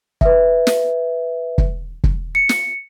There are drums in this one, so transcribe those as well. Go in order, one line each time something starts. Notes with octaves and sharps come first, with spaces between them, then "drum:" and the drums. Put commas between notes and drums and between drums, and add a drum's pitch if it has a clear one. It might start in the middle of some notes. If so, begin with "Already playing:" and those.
B4 E5, drum: kick
drum: snare
drum: kick
drum: kick
C#7
drum: snare